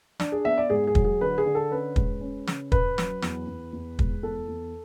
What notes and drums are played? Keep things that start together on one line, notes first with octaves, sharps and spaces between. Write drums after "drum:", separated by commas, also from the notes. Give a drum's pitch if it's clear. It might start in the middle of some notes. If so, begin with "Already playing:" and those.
D4 D5, drum: snare
G#4
B3 E5
D5
G#2 G#4
G#4
F#3, drum: kick
G#4
D3 B4
G#4
D3
A4
C#4 B4
G#3, drum: kick
C#4
C#3, drum: snare
C#4 B4, drum: kick
F#3, drum: snare
E2, drum: snare
E2
E2
G#3, drum: kick
E2 A4
E2